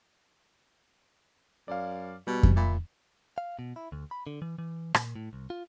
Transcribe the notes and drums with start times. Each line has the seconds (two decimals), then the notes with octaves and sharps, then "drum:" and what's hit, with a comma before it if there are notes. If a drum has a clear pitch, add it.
1.68 F#2 D5 F5
2.27 B2 G3
2.43 drum: kick F2
2.56 A#2 E5 B5
3.38 F5
3.59 B2
3.76 E4
3.92 D2
4.11 B5
4.27 D3
4.42 E3
4.58 E3
4.94 A#2, drum: rim click
5.16 A2
5.33 C2
5.50 F4